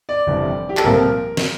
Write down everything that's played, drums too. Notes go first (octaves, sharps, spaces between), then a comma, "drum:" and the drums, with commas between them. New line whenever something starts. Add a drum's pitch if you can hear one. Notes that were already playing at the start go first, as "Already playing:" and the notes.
D5
G1 F2 C3 E3
G4
A4, drum: clap
C2 A#2 F3 C4 A#4
drum: snare